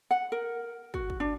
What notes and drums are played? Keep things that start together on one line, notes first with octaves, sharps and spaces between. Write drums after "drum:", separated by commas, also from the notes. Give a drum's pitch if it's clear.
F#5
A#4
F#4, drum: kick
drum: kick
D4